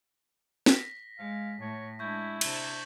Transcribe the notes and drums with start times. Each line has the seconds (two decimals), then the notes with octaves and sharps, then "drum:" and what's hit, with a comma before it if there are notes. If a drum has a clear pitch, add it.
0.66 A#6 B6, drum: snare
1.19 G#3 F5
1.61 A2 C#5
1.99 G#3 D4 E4 C#6 G6 G#6
2.41 C3 D4, drum: cymbal